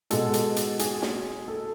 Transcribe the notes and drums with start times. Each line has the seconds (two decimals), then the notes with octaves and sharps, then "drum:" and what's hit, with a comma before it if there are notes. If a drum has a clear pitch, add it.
0.10 B2 G#3 A4, drum: hi-hat
0.34 drum: hi-hat
0.56 drum: hi-hat
0.79 G#4, drum: hi-hat
1.02 drum: snare
1.48 A4